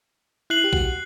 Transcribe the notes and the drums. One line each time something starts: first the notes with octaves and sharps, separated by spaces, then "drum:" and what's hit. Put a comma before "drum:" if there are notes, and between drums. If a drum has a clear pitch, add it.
E4 F#6 C7 F#7
G4
F#4, drum: kick A#1